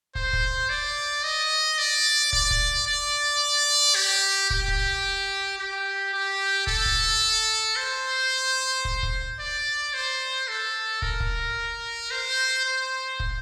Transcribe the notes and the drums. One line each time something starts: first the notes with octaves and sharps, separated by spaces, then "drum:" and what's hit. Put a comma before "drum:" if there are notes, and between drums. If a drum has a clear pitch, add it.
C5, drum: kick
drum: kick
D5
D#5
D5
D5, drum: kick
drum: kick
D5
G4
G4, drum: kick
drum: kick
G4
G4
A4, drum: kick
drum: kick
C5
drum: kick
drum: kick
D5
C5
A4
A#4, drum: kick
drum: kick
C5
C5
drum: kick